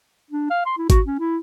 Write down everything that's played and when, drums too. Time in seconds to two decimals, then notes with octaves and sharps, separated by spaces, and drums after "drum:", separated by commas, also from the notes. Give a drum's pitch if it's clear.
0.31 D4
0.50 F5
0.66 C6
0.78 E4
0.90 F#4, drum: kick G#1, hi-hat
1.06 C#4
1.20 E4